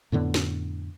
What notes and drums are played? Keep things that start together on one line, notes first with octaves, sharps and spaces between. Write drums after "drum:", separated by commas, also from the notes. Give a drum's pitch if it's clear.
F2 A2 D3 B3
drum: snare